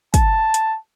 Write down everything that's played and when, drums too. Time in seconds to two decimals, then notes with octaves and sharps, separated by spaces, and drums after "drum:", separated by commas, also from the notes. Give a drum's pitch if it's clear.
0.14 A5, drum: kick, hi-hat
0.54 drum: hi-hat